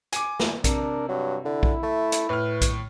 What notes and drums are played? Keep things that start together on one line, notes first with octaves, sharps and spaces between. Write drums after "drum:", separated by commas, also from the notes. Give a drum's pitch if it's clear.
G#5 D6, drum: hi-hat
drum: snare
C3 D4 A#4, drum: kick A#1, hi-hat
G2 F#3
D3 E4
drum: kick A#1
A3
drum: hi-hat
A2 B4 F6
drum: kick A#1, hi-hat